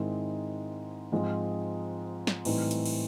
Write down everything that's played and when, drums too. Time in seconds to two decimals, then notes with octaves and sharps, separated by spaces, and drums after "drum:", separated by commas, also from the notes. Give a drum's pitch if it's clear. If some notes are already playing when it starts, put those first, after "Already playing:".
Already playing: G#2 D#3 G#3 C4 E4
1.12 G#2 F3 G#3 C4
2.27 drum: snare
2.45 A2 E3 G3 C4 D#4, drum: cymbal
2.71 drum: hi-hat
2.85 drum: cymbal